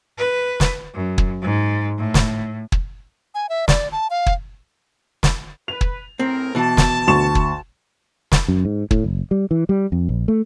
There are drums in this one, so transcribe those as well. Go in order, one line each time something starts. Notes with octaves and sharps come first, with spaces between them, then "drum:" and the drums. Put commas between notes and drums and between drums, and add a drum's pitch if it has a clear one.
B4
drum: snare
F#2
drum: kick
G#2
A2
drum: snare
drum: kick
G#5
E5
D5, drum: snare
A5
F5
drum: kick
drum: snare
B4 F7
drum: kick
A2 C4 G#4 A#4
B2 E3 A5
drum: snare
D2 C#6 E7
drum: kick
drum: snare
F#2
G#2
A2, drum: kick
F#1
G3
E3
G3
F2
A#1
A3